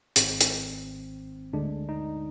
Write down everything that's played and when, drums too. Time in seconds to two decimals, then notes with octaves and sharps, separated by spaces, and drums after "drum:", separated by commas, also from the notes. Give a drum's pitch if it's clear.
0.16 G#1 G#2 D#3 C4, drum: hi-hat
0.41 drum: hi-hat
1.53 D2 D3 G#3 D4
1.89 D#4